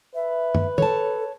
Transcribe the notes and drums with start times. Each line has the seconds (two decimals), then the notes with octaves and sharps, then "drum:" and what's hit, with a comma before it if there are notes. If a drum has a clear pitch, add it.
0.15 B4 E5
0.55 drum: tom F#2
0.78 A4 C#5 A5, drum: tom